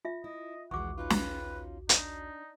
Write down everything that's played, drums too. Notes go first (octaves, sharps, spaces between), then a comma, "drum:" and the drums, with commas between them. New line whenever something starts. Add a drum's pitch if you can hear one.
F4 E5
E4 D#5
A#1 D#2 E3 G#3 F#4 F#5 C#6 D6
C#4 D#4 F4 B4
drum: snare
D4 D#4, drum: hi-hat